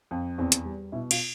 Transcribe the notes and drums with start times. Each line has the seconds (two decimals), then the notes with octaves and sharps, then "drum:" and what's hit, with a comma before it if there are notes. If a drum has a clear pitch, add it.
0.11 F2
0.38 E2 C4
0.52 drum: hi-hat
0.65 G3
0.92 B2 E4
1.11 F4, drum: cymbal